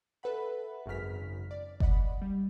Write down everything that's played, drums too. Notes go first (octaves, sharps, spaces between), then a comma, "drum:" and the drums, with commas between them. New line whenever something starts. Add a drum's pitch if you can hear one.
A4 B4 E5 F#5 B5
G#1 F#2 C#3 F6 B6
D5
D5 D#5 F#5 B5, drum: kick F#1
G3